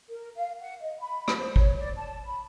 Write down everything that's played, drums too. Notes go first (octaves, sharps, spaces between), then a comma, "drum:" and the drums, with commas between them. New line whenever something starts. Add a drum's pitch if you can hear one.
A#4
F5
F#5
D#5
B5
drum: rim click
C5
C#5, drum: kick G#1
D5
A5
B5